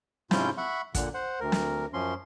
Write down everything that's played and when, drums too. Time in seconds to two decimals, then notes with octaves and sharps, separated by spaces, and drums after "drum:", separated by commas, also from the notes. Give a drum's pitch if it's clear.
0.31 G#2 C3 C#4 E4 F4 G6, drum: snare
0.58 E5 F#5 B5 C#6
0.95 A#2 D3 F#5, drum: kick, hi-hat
1.14 C5 F#5
1.40 D2 A#4
1.52 drum: snare
1.93 F#2 F3 C#4 C6